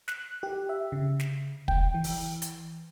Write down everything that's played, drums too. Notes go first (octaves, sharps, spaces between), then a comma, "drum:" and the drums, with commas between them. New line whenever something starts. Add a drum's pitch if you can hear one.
F#6, drum: snare
G4
E5
C#3
drum: snare
G5, drum: kick
E3
drum: open hi-hat
drum: hi-hat